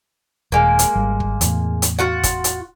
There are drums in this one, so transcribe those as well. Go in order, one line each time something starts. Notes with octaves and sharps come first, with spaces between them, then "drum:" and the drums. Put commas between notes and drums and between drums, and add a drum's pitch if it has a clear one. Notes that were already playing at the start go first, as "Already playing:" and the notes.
D#1 G#3 A#3
drum: hi-hat
G#1 G3
drum: kick
E2 A2, drum: hi-hat
drum: hi-hat
F4 F#4 F#5
drum: kick, hi-hat
drum: hi-hat